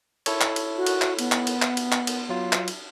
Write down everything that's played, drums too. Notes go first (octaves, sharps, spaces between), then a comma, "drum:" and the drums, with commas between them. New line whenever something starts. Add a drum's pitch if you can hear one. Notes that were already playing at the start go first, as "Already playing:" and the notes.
E4 A4 C#5, drum: cymbal
drum: clap
drum: cymbal
F#4
drum: cymbal
drum: clap
B3, drum: cymbal
drum: clap
drum: cymbal
drum: clap
drum: cymbal
drum: clap
drum: cymbal
F#3 F4
drum: clap
drum: cymbal